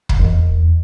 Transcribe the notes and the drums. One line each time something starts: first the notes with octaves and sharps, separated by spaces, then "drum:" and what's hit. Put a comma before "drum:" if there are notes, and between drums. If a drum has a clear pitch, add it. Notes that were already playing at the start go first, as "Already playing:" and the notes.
drum: kick
E2